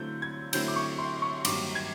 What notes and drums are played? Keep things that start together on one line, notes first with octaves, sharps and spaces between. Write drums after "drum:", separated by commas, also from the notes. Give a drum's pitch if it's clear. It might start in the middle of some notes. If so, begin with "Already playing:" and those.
Already playing: D3 F#3 A3 C4 E4 G6
G#6
D3 F#3 A3 C4 E4 G6, drum: cymbal
D6
C#6
C6
C#6
G2 D#3 F#3 A#3 D6, drum: cymbal
G#6